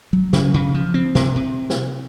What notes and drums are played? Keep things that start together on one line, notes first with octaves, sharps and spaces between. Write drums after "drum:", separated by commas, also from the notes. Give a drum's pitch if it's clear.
F#3
C#3, drum: snare
C#3
F3
C4
C3, drum: snare
C3
drum: snare